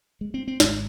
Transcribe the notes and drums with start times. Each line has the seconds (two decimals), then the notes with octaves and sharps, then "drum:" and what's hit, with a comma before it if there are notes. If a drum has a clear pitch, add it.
0.21 G#3
0.34 C4
0.48 C4
0.60 G#1 G#2 G#3, drum: snare